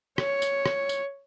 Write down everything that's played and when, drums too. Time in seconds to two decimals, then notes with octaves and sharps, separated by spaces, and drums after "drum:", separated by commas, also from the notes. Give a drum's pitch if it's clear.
0.18 C#5, drum: rim click
0.42 drum: tambourine
0.66 drum: rim click
0.89 drum: tambourine